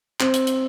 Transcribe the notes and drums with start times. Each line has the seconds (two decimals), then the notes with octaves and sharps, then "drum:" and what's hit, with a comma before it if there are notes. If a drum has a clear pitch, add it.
0.20 C4, drum: clap
0.34 drum: hi-hat
0.47 drum: hi-hat